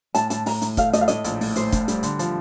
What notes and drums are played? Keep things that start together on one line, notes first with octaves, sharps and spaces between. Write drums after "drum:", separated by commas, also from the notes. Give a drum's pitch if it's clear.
A2 A5, drum: hi-hat
A2 A5, drum: hi-hat
A2 A#5, drum: open hi-hat
A2, drum: hi-hat
A3 F5, drum: kick, hi-hat
A3 D#5, drum: hi-hat
F5
A2 D#5, drum: hi-hat
A#1, drum: hi-hat
A2, drum: open hi-hat
A2 C5, drum: hi-hat
A2, drum: kick, hi-hat
G3, drum: hi-hat
D3, drum: hi-hat
F3, drum: hi-hat